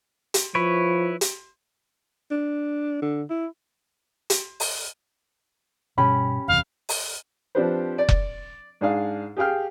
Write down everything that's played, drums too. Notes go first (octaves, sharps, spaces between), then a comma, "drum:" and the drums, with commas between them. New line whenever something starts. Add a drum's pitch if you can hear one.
drum: hi-hat
F3 E4 B4 C#5
drum: hi-hat
D4
D3
E4
drum: hi-hat
drum: open hi-hat
G2 B2 G3 C#4 G4 B5
F#1 E2 C3 F5
drum: open hi-hat
F3 C4 D4 G4 B4 C5
D5
drum: kick F1
G#2 D4 G#4 F5
G4 G#4 F5 G5 F6